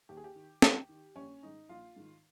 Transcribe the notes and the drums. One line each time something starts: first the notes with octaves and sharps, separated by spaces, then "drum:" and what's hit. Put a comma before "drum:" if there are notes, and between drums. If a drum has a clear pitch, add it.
D#2 G4
G#4
G4
D#3
D#2, drum: snare
D#3
A#1 C#4
G#2 D#3 D#4
A#1 F4
G#2 D#3